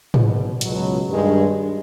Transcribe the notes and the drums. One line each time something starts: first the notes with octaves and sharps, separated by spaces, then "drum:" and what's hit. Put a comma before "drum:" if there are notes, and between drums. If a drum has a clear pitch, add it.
F#1 E2 B2, drum: tom
C#2 B2 F#3, drum: hi-hat
G2 D#3 G#3